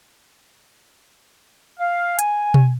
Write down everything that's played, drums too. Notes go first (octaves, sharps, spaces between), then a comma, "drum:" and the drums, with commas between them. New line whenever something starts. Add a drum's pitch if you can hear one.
F5
G#5, drum: hi-hat
drum: tom B2